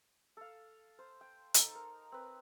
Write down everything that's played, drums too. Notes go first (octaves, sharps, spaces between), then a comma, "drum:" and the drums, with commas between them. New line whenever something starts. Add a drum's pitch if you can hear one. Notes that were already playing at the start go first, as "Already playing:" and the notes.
A4 F5
C5
G5
D#4 A4 A#5, drum: hi-hat
A#4
C4 B4